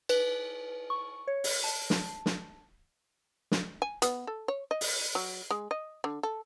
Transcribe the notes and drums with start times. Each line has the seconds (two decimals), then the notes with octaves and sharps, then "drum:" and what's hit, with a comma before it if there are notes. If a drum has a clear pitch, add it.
0.09 B4, drum: cymbal
0.90 C#6
1.28 C#5
1.44 drum: open hi-hat
1.64 A5
1.90 drum: snare
2.26 drum: snare
3.51 drum: snare
3.82 G#5
4.02 B3, drum: hi-hat
4.27 A4
4.48 C#5
4.71 D#5
4.81 drum: open hi-hat
5.15 F#3
5.51 G#3
5.71 D#5
6.04 D3
6.23 A4